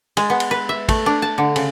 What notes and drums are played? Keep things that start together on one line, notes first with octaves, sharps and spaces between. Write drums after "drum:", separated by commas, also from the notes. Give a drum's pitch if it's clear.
G#3, drum: cymbal
B3
drum: cymbal
B4
E5
A3, drum: kick, cymbal
D4
A5
D3
C#3, drum: cymbal